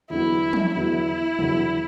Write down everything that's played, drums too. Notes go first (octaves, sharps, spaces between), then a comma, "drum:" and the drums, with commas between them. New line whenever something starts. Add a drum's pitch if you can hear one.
E2 D3 F#3 B3 E4
drum: tom
E2 D3 F#3 B3 E4
E2 D3 F#3 B3, drum: tom B2